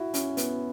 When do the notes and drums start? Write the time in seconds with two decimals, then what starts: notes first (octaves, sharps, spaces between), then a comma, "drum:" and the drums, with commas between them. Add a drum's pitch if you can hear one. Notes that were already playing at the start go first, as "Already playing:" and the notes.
Already playing: E4 F#4
0.14 C#4, drum: hi-hat
0.37 B3, drum: hi-hat